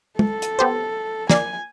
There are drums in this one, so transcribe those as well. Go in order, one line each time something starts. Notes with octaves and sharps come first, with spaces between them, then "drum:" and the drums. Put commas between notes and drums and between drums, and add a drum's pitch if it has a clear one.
A4, drum: tom G#3
drum: hi-hat
B3 G4 C5
A#3 D5 G#5, drum: snare